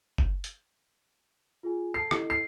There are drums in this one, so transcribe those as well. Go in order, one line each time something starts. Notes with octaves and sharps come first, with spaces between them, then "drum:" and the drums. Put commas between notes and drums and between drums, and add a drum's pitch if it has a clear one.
drum: kick F#1
drum: hi-hat
F4 G#4 G#5
A4 A5 C7
E4 A4 D#5, drum: rim click
C7